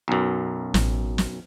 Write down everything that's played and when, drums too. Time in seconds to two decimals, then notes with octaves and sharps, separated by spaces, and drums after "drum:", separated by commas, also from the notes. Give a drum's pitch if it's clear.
0.08 B1 F#2
0.74 A1, drum: snare
1.18 drum: snare